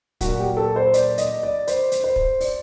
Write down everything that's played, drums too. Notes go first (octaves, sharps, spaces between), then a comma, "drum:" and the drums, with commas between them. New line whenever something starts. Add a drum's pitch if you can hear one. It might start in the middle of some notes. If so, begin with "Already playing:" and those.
A#2 F#3 F#4, drum: kick, hi-hat
G4
A4
C5
D5, drum: hi-hat
D#5, drum: hi-hat
D5
C5, drum: hi-hat
drum: hi-hat
C5
drum: kick
D5, drum: open hi-hat